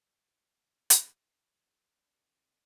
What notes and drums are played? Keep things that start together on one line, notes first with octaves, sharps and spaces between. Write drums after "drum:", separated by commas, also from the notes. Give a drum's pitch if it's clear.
drum: hi-hat
E3
G3 D4
C3 D#4